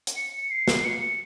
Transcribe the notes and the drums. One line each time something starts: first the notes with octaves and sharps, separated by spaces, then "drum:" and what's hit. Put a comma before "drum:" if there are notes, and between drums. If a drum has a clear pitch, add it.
drum: hi-hat
C#7
C#7
C7
drum: snare
C#7
C#7